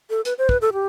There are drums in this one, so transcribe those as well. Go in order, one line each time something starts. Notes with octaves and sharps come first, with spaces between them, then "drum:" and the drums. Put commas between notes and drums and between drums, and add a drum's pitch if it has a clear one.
A4
B4, drum: hi-hat
C5
B4, drum: kick
A4
G4